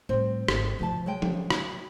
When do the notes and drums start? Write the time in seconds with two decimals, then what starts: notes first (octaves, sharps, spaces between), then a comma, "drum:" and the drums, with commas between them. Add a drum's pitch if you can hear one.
0.09 A2 G3 C4
0.48 G#1, drum: rim click
0.79 D2 C3 F3 A5
1.06 F#3 G#3 G5
1.22 C4, drum: tom
1.50 drum: rim click